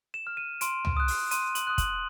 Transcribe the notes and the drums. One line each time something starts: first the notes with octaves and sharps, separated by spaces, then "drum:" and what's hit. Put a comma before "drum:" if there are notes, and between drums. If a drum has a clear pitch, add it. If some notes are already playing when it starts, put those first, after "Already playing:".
E7
F6
D#7
C6 D7, drum: hi-hat
drum: tom
D#6 F#6
drum: open hi-hat
C6 D#7, drum: hi-hat
F#7, drum: hi-hat
D#6 F#6
F#7, drum: kick, hi-hat